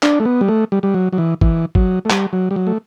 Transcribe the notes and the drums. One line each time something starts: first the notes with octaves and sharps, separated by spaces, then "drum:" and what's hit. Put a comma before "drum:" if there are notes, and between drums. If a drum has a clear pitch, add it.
D4, drum: clap
A3
B3
G3
A3
G3
G3
F#3
F#3
E3
E3, drum: kick
F#3, drum: kick
A3
G3, drum: clap
F#3
G3
F#3
A3